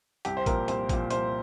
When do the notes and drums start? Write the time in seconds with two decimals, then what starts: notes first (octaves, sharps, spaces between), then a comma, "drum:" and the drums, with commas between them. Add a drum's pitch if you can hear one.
0.25 C2 G4, drum: hi-hat
0.37 C5
0.46 A#2 F3 A#4, drum: kick, hi-hat
0.68 C2 C5, drum: hi-hat
0.89 A#2 F3, drum: kick, hi-hat
1.11 C2 C5, drum: hi-hat